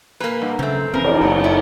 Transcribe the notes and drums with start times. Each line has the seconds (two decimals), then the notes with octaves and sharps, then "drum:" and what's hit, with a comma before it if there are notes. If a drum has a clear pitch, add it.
0.20 A#2 A#3 B4
0.42 G2
0.59 F#2 C#3 A3 C4
0.94 F1 C#3 E3 C4 A#4
1.04 drum: cymbal
1.21 F#1 B3
1.44 E4